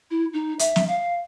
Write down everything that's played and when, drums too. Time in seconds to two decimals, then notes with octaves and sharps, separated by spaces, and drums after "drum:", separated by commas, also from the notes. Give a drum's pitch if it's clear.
0.11 E4
0.33 D#4
0.59 E5, drum: hi-hat
0.76 drum: snare
0.88 F5